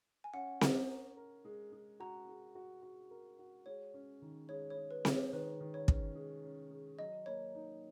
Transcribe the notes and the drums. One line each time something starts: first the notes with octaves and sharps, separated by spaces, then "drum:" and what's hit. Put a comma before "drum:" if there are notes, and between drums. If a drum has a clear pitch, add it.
G#5
C#4 F#5
A#4, drum: snare C4
A#4
A#4
G#3
G#3
F#4 A#5
G#3
F#4
F#4
A#4
F#4
G#3 C#5
C#4
D#3
G#3 C#5
C#5
G#3
B4
G#3, drum: snare C4
C#5
D#3 B4
D#3
C#5
C#4, drum: kick
G#3
C#4
G#3
F#3 D#5
A#3 C#5
D#4